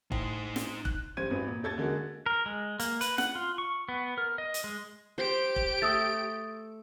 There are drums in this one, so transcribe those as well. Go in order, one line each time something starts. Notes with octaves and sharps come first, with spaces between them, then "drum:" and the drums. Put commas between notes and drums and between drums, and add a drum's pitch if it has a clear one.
A2 D#4 C5, drum: kick E1
drum: snare
F#6, drum: kick E1
G2 C5 G#6 D#7
G#1 E2 B3
A#2
D#2 A4 G#6 A6
D3 G#3 A#3 F#4
A#4
G#3
A#3, drum: hi-hat
B4, drum: hi-hat
F#5, drum: snare
F4
C#6
B3
A#4
D#5
drum: hi-hat
G#3
G4 C5 D7
drum: kick E1
A3 D#6 E6 A6